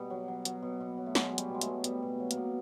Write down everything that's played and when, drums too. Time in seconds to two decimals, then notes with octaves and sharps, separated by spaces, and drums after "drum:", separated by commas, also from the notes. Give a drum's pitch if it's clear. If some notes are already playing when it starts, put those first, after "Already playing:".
Already playing: B2 G3
0.10 F#3
0.28 F#3
0.45 F#3, drum: hi-hat
0.62 B2
0.80 B2
0.98 F#3
1.06 A3
1.15 F#3 G#3, drum: snare
1.33 F#3
1.38 G3, drum: hi-hat
1.49 B2
1.54 G#3
1.61 A3, drum: hi-hat
1.67 B2
1.84 B2 G3, drum: hi-hat
2.03 B2
2.20 F#3
2.31 A#3, drum: hi-hat
2.37 B2